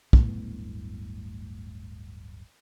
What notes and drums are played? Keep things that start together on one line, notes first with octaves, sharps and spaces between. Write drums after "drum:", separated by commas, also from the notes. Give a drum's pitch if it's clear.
D1 G1 A2 B3, drum: kick